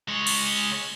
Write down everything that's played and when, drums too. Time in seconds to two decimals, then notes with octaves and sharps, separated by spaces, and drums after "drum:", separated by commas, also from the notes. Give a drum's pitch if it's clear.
0.08 G#3 C#5
0.27 drum: cymbal